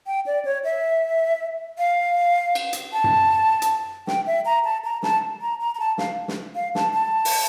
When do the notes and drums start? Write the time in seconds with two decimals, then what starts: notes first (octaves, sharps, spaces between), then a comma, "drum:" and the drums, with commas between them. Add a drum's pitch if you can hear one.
0.07 G5
0.26 D5
0.45 C#5
0.64 E5
1.78 F5
2.55 drum: cymbal
2.73 drum: hi-hat
2.93 A5
3.04 drum: tom F#2
3.62 drum: hi-hat
4.07 G5, drum: snare
4.27 E5
4.46 A#5
4.64 A5
4.84 A#5
5.03 A5, drum: snare
5.41 A#5
5.61 A#5
5.75 A#5
5.80 A5
5.98 F5, drum: snare
6.28 drum: snare
6.55 F5
6.75 A5, drum: snare
6.93 A5
7.25 drum: open hi-hat